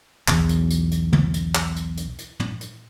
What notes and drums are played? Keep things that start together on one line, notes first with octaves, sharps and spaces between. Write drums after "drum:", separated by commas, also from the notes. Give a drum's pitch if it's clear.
B1 E2, drum: clap
drum: hi-hat
drum: hi-hat
drum: hi-hat
drum: tom
drum: hi-hat
drum: clap
drum: hi-hat
drum: hi-hat
drum: hi-hat
drum: tom
drum: hi-hat